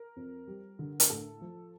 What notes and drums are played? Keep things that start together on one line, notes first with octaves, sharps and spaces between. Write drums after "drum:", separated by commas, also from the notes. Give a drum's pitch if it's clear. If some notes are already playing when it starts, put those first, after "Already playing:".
Already playing: A#4
F2
G3
D3
A#4, drum: hi-hat
A2 A4
F3